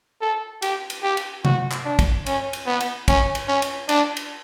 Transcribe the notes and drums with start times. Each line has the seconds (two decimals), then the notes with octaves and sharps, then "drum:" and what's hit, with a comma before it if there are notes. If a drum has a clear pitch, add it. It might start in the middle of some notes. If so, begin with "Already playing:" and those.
0.22 A4
0.62 G4, drum: cymbal
0.90 drum: cymbal
1.03 G4
1.17 drum: cymbal
1.45 F#4, drum: tom C3
1.72 drum: clap
1.85 D4
1.99 drum: kick, cymbal
2.26 C#4, drum: cymbal
2.53 drum: cymbal
2.67 B3
2.80 drum: cymbal
3.08 C#4, drum: kick, cymbal
3.35 drum: cymbal
3.48 C#4
3.62 drum: cymbal
3.89 D4, drum: cymbal
4.17 drum: cymbal